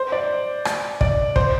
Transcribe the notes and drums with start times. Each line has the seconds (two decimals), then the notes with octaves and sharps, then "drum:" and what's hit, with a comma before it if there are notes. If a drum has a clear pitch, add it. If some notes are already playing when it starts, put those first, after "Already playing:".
Already playing: C5
0.12 D5
0.65 drum: rim click
1.01 D5, drum: kick
1.36 C5, drum: kick